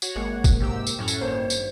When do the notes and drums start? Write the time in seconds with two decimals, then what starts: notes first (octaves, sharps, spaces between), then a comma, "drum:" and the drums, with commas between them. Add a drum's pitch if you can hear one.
0.02 F#4 C#5 F#5, drum: tambourine
0.16 G#1 G#3 A#3
0.44 drum: kick, tambourine
0.60 G#2 C3 G4 E6
0.87 drum: tambourine
0.99 F#2 A2 C#4 F#4 A4
1.08 drum: tambourine
1.21 G#1 G2 A#3 C5 C#5
1.50 drum: tambourine